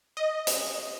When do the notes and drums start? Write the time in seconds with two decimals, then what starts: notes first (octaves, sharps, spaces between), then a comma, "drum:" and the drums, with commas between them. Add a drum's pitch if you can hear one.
0.17 D#5
0.47 drum: hi-hat